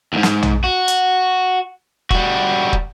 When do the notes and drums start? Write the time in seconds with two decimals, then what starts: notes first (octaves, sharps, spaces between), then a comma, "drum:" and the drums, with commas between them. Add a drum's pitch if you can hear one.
0.13 D#2 G#2
0.23 drum: snare
0.43 drum: tom A#1
0.64 F#4
0.88 drum: hi-hat
2.10 G3 F#4, drum: kick
2.73 drum: kick